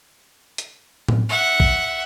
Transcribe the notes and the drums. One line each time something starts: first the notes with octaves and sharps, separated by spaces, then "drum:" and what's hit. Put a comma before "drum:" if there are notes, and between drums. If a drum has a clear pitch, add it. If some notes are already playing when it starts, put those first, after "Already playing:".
drum: hi-hat
drum: tom A2
E5 F#5
drum: kick A1